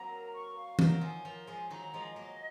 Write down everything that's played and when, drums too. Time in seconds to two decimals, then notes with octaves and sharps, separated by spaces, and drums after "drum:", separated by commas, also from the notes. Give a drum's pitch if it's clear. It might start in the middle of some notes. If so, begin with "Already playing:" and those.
Already playing: F#3 A#3 C4 A#5
0.11 A#4
0.33 C#6
0.56 F5
0.79 D#3 F#3 A#4, drum: tom
1.01 F3 G#5
1.25 F3 A#4
1.47 F3 G#3 G#5
1.70 D#3 F#3 A#5
1.93 F3 G#3 D#5
2.16 F#3 A#3 D#5